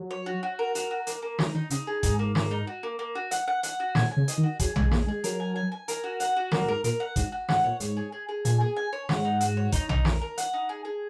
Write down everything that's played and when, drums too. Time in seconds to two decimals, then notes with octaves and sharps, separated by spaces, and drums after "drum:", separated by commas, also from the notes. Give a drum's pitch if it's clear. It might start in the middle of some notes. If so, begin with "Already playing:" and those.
Already playing: F#3
0.11 C#5
0.26 F#4
0.43 F#4
0.59 A#4
0.75 F#4, drum: hi-hat
0.91 F#4
1.07 A#3, drum: hi-hat
1.22 A#3
1.39 F#3 D#4, drum: snare
1.55 D#3 D#4
1.70 C#3 D#4, drum: hi-hat
1.87 G#4
2.03 G#2 D#4, drum: kick G1, hi-hat
2.19 A#3
2.35 A#3, drum: snare
2.51 D#4
2.67 F#4
2.83 A#3
2.99 A#3
3.15 F#4
3.31 F#5, drum: hi-hat
3.48 F#5
3.63 F#5, drum: hi-hat
3.80 F#4
3.95 A#2 G#5, drum: snare
4.11 G#5
4.17 C#3
4.28 D#5, drum: hi-hat
4.38 D#3
4.43 F#4
4.60 F#3 G#4, drum: kick G1, hi-hat
4.76 G#3 G#4, drum: tom A#1
4.91 A#3 G#4, drum: snare
5.07 G#3 G#4
5.24 F#3 A#4, drum: hi-hat
5.40 G#5
5.56 G#5
5.72 G#5
5.88 A#4, drum: hi-hat
6.04 F#4
6.20 F#5, drum: hi-hat
6.36 F#4
6.52 F#3 A#3, drum: snare
6.62 A#2
6.68 G#2 A#4
6.84 A#2 A#4, drum: hi-hat
7.00 F#5
7.16 G#2 F#4, drum: kick G1, hi-hat
7.32 F#4
7.49 G#2 F#5, drum: snare
7.64 A#2 C#5
7.80 G#2 C#5, drum: hi-hat
7.97 G#4
8.12 G#4
8.29 G#4
8.45 A#2 G#5, drum: hi-hat
8.61 G#4
8.77 G#5
8.93 C#5
9.09 G#2 F#5, drum: snare
9.25 D#4
9.41 F#4, drum: hi-hat
9.57 C#5
9.72 D#4, drum: kick G1, hi-hat
9.89 D#4, drum: tom A#1
10.05 A#4, drum: snare
10.21 A#4
10.38 F#5, drum: hi-hat
10.54 D#4
10.69 G#4
10.85 G#4